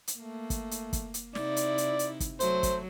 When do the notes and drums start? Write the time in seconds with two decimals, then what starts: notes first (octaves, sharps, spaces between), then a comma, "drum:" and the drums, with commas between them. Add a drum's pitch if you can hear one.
0.08 drum: hi-hat
0.17 A3 A#3
0.50 drum: kick, hi-hat
0.71 drum: hi-hat
0.93 drum: kick, hi-hat
1.14 drum: hi-hat
1.35 C3 D#4 E4 D5, drum: snare
1.57 drum: hi-hat
1.78 drum: hi-hat
1.99 drum: hi-hat
2.20 drum: kick, hi-hat
2.40 F#3 A3 C5, drum: hi-hat
2.63 drum: kick, hi-hat